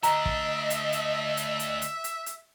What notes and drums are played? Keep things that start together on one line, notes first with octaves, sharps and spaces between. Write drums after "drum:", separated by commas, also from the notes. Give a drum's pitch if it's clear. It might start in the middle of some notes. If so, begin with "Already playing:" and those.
D2 D4 D#5 E5 A#5, drum: hi-hat
drum: kick
drum: hi-hat
drum: hi-hat
drum: hi-hat
drum: hi-hat
drum: hi-hat
drum: hi-hat
drum: hi-hat